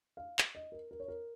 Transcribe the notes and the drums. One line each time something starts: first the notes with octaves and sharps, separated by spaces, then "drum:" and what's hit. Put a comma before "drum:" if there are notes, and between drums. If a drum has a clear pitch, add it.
F5
drum: clap
D#5
A#4
A#4
C#5
A#4